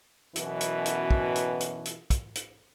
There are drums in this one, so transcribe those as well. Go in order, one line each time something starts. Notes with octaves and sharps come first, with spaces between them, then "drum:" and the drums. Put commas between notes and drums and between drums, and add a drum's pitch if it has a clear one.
F#2 B2 E3, drum: hi-hat
drum: hi-hat
drum: hi-hat
drum: kick
drum: hi-hat
drum: hi-hat
drum: hi-hat
drum: kick, hi-hat
drum: hi-hat